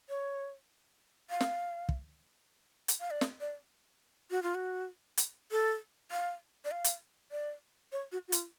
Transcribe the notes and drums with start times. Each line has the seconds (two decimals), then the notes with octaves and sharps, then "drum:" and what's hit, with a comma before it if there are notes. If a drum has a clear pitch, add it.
0.09 C#5
1.30 F5
1.41 drum: snare
1.89 drum: kick
2.88 drum: hi-hat
3.00 F5
3.11 D5
3.21 drum: snare
3.40 D5
4.31 F#4
4.43 F4
4.55 F#4
5.17 drum: hi-hat
5.51 A4
6.11 F5
6.65 D5
6.71 F5
6.84 drum: hi-hat
7.32 D5
7.92 C#5
8.12 F#4
8.28 F#4
8.32 F4, drum: hi-hat